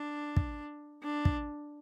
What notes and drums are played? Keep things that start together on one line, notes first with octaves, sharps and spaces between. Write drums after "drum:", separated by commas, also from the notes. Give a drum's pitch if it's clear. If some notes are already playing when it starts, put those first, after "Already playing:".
Already playing: D4
drum: kick
D4
drum: kick